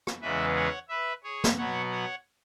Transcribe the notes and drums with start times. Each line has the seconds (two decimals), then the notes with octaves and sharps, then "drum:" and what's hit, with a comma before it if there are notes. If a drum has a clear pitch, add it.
0.07 drum: rim click
0.21 E2 C#3 E3 G#3 B3 B4 E5
0.55 C#5 F#5
0.89 B4 E5
1.23 G#4 C#5
1.44 drum: snare
1.58 B2 F#3 B3 C#5 F#5
1.91 C#5 F#5